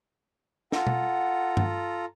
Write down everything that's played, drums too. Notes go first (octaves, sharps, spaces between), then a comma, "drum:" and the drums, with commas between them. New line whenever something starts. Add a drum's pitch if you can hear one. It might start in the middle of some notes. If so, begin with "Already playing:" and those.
F4 A4 F#5 A#5, drum: snare
drum: tom B2
drum: tom G2